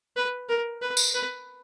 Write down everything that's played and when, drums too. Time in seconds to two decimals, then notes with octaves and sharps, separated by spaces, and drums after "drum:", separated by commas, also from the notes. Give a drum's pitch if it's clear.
0.16 B4
0.49 A#4
0.82 B4
0.97 drum: tambourine
1.14 B4